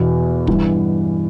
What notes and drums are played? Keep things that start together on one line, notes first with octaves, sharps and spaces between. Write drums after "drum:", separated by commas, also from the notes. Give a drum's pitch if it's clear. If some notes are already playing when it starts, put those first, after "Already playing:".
Already playing: E2 B2
G2 E3, drum: kick